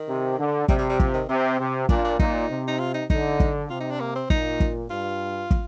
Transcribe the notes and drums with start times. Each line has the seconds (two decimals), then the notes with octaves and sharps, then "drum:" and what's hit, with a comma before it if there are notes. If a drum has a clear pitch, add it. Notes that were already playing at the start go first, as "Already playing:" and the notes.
Already playing: D#3
0.09 C3
0.39 D3
0.68 C3 G3, drum: kick
0.79 G3
0.90 G3
1.00 F3, drum: kick
1.14 D#3
1.29 C3 C4
1.59 C3
1.89 A#2 D4, drum: kick
2.04 D4
2.19 A#2 D#4, drum: kick
2.49 C3
2.68 D#4
2.80 F4
2.94 D#4
3.10 D3 D#4, drum: kick
3.40 drum: kick
3.70 C3 F4
3.80 D#4
3.91 D4
4.01 A#3
4.15 C4
4.30 A#2 D#4, drum: kick
4.60 drum: kick
4.90 G2 F4
5.51 drum: kick